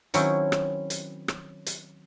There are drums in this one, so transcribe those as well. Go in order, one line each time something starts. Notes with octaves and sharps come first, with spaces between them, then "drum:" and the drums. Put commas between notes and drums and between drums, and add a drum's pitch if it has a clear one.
D#3 F#3 C4 C#4 E4, drum: hi-hat
drum: rim click
drum: hi-hat
drum: rim click
drum: hi-hat